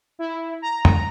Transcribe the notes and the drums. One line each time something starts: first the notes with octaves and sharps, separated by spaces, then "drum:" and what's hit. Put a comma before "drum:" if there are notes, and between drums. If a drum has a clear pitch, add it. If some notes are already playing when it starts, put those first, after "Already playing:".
E4
A#5
drum: tom F2